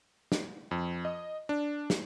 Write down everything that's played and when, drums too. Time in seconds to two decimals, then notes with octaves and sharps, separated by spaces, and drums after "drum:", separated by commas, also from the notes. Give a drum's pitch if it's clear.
0.32 drum: snare
0.71 F2
1.05 D#5
1.49 D4
1.90 drum: snare